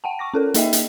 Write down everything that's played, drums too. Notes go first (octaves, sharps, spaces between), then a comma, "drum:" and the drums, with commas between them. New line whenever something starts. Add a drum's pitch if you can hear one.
F#5 G5 A5
C#6 D6 A#6
C#4 A4 A#4
A#3 D#4 G#4 D#5 E5 G5, drum: hi-hat
drum: hi-hat